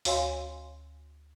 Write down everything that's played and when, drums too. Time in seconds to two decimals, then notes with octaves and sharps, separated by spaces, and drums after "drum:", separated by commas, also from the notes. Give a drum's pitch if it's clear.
0.05 D2 F#4 C#5 F5 G#5 C6, drum: open hi-hat